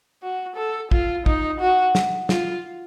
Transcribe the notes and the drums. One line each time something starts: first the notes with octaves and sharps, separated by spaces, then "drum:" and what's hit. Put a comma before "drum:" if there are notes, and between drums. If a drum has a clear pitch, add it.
F#4
A4
F4, drum: kick
D#4, drum: kick
F#4
drum: snare
F4, drum: snare